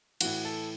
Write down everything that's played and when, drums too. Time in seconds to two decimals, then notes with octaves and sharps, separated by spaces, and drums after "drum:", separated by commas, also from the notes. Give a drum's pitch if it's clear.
0.21 A2 E3 F#4, drum: cymbal
0.45 A4